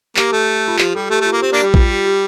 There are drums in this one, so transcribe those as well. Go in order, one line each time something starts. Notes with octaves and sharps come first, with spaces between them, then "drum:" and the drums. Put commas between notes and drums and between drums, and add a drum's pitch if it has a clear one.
A#3 G4, drum: clap
A3 A4
F4
F3 G4, drum: clap
G3 A4
A3 G4
A3
F4
A#3
C4 G4
A#3 D4
G3
F4, drum: kick
G4
G4